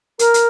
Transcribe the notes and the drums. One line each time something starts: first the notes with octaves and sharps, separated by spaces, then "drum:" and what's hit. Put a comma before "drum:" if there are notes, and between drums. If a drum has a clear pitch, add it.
A#4, drum: hi-hat
drum: hi-hat